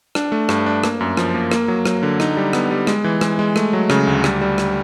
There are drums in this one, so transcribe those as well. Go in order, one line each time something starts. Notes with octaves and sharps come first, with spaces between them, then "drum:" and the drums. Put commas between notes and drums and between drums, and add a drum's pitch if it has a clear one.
D4, drum: rim click
A3
G2, drum: rim click
D4
A#3, drum: rim click
F#2
F3, drum: rim click
A#3
A#3, drum: rim click
F#3
F#3, drum: rim click
D3
D#4, drum: rim click
G3
B3, drum: rim click
G3
G#3, drum: rim click
E3
G#3, drum: rim click
G#3
A3, drum: rim click
F#3
C#3, drum: rim click
D2
G3, drum: rim click
G3
drum: rim click